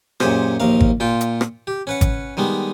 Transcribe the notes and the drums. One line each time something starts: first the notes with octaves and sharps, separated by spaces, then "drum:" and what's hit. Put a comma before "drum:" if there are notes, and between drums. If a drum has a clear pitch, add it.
F#2 A#2 G4 G#4 C5, drum: rim click
A#1 D#2 A#4 F5
drum: kick G#1
A#2 F4 G5
drum: hi-hat
drum: rim click
G4
C#4 B4 F#5
drum: kick G#1, hi-hat
D#3 G3 G#3 B3